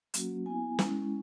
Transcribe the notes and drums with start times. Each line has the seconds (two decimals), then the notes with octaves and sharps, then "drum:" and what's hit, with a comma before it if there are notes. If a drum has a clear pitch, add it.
0.14 F#3 A#3 C#4 F#4, drum: hi-hat
0.46 B3 E4 G#5
0.79 G#3 C#4 E4, drum: snare